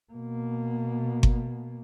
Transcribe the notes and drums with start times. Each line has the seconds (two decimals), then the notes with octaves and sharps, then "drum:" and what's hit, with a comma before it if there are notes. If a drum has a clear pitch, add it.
0.13 B2 A#3
1.23 drum: kick G1